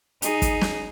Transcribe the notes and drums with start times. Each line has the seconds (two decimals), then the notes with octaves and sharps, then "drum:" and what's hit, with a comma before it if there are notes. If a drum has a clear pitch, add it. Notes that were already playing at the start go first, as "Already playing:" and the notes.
0.22 D#4 G#4, drum: hi-hat
0.42 drum: kick, hi-hat
0.61 drum: snare